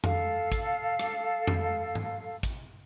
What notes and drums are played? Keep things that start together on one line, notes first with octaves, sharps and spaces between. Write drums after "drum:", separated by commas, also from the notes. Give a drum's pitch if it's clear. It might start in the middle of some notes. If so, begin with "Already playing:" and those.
A4 F5, drum: tom F2
drum: kick, hi-hat
drum: rim click
drum: tom F2
drum: tom G#2
drum: kick, hi-hat